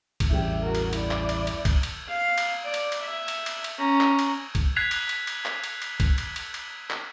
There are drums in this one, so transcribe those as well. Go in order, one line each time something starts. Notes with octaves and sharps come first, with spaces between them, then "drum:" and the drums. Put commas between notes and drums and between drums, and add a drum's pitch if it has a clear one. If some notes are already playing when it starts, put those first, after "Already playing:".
drum: kick B1, cymbal
A1 E2 G2 G4 E5
F#4 A#4
drum: cymbal
E4 D5, drum: cymbal
drum: clap
drum: cymbal
drum: cymbal
drum: kick B1, cymbal
drum: cymbal
F5
drum: cymbal
D5
drum: cymbal
drum: cymbal
E5
drum: cymbal
drum: cymbal
drum: cymbal
C#4 A#5
drum: clap
drum: cymbal
drum: kick B1, cymbal
F#6 G#6 B6 C7 F7
drum: cymbal
drum: cymbal
drum: cymbal
drum: clap
drum: cymbal
drum: cymbal
drum: kick B1, cymbal
drum: cymbal
drum: cymbal
drum: cymbal
drum: clap